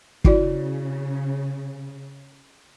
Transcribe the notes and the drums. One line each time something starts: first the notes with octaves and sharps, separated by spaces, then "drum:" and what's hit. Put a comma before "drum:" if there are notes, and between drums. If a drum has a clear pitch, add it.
C#3 E4 F#4 D5, drum: kick